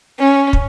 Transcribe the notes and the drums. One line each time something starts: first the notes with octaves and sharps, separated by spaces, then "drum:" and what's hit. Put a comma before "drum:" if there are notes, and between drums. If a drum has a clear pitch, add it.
C#4
drum: kick